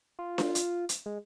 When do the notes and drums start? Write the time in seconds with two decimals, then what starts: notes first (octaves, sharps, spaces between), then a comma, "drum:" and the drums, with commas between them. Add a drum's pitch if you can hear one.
0.19 F4
0.38 drum: snare D4
0.55 drum: hi-hat
0.89 drum: hi-hat
1.06 G#3